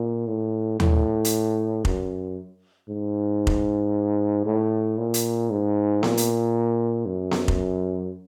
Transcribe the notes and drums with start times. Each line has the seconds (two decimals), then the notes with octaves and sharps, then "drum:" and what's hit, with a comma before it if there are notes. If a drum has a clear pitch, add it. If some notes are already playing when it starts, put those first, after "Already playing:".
Already playing: A#2
0.28 A2
0.80 A2, drum: tom D#2
1.25 drum: hi-hat
1.85 F#2, drum: kick F1
2.89 G#2
3.47 drum: kick F1
4.46 A2
4.98 A#2
5.14 drum: hi-hat
5.51 G#2
6.03 A#2, drum: snare B3
6.17 drum: hi-hat
7.06 F#2
7.31 drum: snare B3
7.48 drum: kick F1